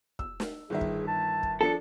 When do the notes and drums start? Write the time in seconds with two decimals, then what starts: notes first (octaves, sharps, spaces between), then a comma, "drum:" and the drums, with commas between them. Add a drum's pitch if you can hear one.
0.19 E6, drum: kick
0.40 drum: snare
0.70 G1 D#3 G#4 E5
0.81 drum: kick
1.07 A5
1.43 drum: kick
1.61 F3 D4 A4 C#7